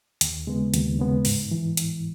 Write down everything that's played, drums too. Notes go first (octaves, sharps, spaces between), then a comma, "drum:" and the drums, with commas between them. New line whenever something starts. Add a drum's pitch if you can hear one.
D#2, drum: hi-hat
C#3 G#3 B3
D#2, drum: hi-hat
C#3 G#3 B3
G#2, drum: open hi-hat
E3
drum: hi-hat